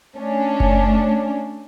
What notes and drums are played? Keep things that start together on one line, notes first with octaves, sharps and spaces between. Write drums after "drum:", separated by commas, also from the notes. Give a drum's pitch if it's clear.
A3 C#4 D4
drum: kick F#1